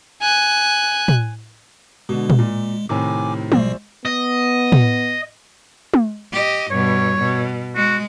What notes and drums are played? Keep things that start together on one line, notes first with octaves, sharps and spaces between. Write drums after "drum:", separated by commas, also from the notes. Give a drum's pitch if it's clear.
G#5 F#6
drum: tom
B2 D3 G#3
drum: tom
A#2
A2 C3 D#3 G#5 D6
A#1 B2 G3 C5, drum: tom
B3 D#5
drum: tom
drum: tom
G4 D#5
G2 B2 C#5
B2
G#3 F#4